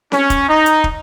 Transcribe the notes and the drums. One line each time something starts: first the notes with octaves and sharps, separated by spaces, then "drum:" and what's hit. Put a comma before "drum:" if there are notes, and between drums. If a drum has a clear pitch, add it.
C#4, drum: snare C4
drum: kick, hi-hat
D#4
drum: hi-hat
drum: kick